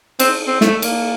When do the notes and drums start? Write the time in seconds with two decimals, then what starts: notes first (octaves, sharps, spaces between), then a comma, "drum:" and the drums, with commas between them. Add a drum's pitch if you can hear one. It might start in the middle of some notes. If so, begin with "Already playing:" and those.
0.19 C4, drum: cymbal
0.47 C4
0.61 A3, drum: snare
0.82 A#3, drum: cymbal